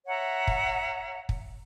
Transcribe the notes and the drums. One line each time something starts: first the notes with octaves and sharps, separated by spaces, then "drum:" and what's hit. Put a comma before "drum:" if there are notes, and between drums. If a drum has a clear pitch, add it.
C#5 E5 F#5 A#5
drum: kick
drum: kick